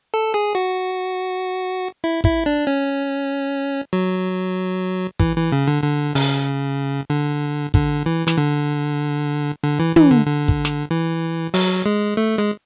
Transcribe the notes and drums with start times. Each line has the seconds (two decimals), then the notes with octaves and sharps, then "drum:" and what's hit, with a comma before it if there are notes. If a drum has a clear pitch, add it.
0.14 A4
0.34 G#4
0.55 F#4
2.04 E4
2.24 E4, drum: kick
2.46 D4
2.67 C#4
3.93 F#3
5.20 E3, drum: kick
5.37 E3
5.52 C#3
5.68 D3
5.84 D3
6.15 C#3, drum: open hi-hat
7.10 D3
7.74 D3, drum: kick
8.06 E3
8.28 E3, drum: snare
8.37 D3
9.64 D3
9.79 E3
9.96 E3, drum: tom
10.11 D3
10.27 D3
10.48 drum: kick
10.65 drum: snare
10.91 E3
11.54 F#3, drum: open hi-hat
11.86 G#3
12.17 A3
12.38 G#3, drum: hi-hat